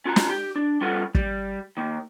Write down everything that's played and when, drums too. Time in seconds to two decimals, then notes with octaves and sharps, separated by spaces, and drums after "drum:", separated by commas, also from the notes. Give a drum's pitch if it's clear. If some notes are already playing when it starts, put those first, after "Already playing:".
0.05 C#4 F4 F#4 A5 A#5
0.16 drum: snare
0.29 G4
0.56 D4
0.81 G3 C#4 F4 A4 B4 F#5
1.15 G3, drum: kick
1.77 D#3 A#3